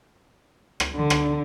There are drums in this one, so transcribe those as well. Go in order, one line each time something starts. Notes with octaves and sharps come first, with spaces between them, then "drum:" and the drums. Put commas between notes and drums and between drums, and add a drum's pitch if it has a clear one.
drum: rim click
D3
drum: rim click